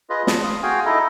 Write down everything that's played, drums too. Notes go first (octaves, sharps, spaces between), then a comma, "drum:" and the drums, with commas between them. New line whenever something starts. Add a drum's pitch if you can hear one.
F4 G#4 B4 D#5
A5 D#6, drum: snare
F5 C6 D#6
F#4 G#4 F5 G5 G#5
D#4 E4 A4 D#5